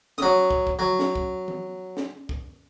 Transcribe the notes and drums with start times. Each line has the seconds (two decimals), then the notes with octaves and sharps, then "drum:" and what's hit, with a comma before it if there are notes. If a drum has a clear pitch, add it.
0.18 F#3 D#6, drum: snare
0.51 drum: kick
0.67 drum: kick
0.79 F#3
0.99 drum: snare
1.15 drum: kick
1.48 drum: tom E3
1.97 drum: snare
2.29 drum: kick